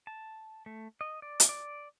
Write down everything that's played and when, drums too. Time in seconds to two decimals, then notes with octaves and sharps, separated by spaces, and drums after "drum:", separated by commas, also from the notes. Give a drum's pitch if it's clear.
0.07 A5
0.66 A3
1.01 D#5
1.22 D5
1.40 drum: hi-hat
1.49 D5